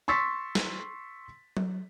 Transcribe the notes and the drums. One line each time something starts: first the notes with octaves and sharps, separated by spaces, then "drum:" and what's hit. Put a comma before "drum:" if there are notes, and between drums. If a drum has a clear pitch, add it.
C6 C#6 E6 A6 B6
drum: snare
drum: tom F#3